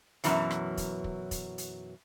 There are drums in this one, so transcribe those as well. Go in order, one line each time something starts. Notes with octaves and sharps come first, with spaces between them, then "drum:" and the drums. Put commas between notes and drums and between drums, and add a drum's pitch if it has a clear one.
F#2 B2 E3 F#3, drum: hi-hat
drum: rim click
drum: kick, hi-hat
drum: kick
drum: kick, hi-hat
drum: hi-hat